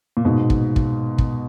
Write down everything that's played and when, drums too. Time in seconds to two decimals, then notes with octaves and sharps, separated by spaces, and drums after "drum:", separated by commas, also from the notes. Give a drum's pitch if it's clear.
0.17 A#2
0.25 G#2 B2
0.50 drum: kick
0.76 drum: kick
1.18 drum: kick